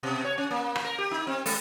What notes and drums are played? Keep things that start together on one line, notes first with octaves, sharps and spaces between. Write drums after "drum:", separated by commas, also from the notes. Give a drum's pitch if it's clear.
B2
C#5
C#4
A#3
drum: rim click
A#4
G4
D#4
C4
G#3, drum: open hi-hat